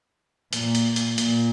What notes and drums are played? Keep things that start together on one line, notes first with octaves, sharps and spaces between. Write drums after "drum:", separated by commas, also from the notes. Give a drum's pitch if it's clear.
A#2, drum: hi-hat
drum: hi-hat
drum: hi-hat
A#2, drum: hi-hat